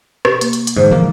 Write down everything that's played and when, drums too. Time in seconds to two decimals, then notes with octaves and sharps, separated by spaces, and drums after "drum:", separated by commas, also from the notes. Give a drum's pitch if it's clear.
0.25 B2 G4 C#6, drum: rim click
0.41 A#3, drum: hi-hat
0.53 drum: hi-hat
0.67 drum: hi-hat
0.77 G#2 D3 E3 C5
0.92 A#2 F3 A#3